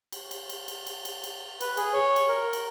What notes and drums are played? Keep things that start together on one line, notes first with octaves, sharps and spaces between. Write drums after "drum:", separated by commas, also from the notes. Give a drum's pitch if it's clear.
drum: cymbal
drum: cymbal
drum: cymbal
drum: cymbal
drum: cymbal
drum: cymbal
drum: cymbal
B4, drum: cymbal
G#4, drum: cymbal
C#5
drum: cymbal
A#4
drum: cymbal